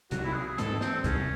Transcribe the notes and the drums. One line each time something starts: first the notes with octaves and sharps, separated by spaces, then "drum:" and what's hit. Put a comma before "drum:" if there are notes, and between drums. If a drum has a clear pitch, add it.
C2 C3 F#3 F#4, drum: hi-hat
E4
G#4
G#4
G#2 E3 G#3 C4 A4, drum: hi-hat
C4, drum: snare
C2 C3 D#3 G#3 C#4, drum: kick, hi-hat